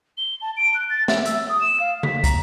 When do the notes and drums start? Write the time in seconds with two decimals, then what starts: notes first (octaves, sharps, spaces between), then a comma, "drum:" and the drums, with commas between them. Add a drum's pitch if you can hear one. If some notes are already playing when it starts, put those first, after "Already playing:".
0.18 G7
0.42 A5
0.57 D7
0.74 F#6
0.90 A6
1.08 E5, drum: snare
1.26 E6, drum: hi-hat
1.49 D#6
1.61 E7
1.80 F5
2.03 B6, drum: tom C#3
2.24 A#5, drum: kick, hi-hat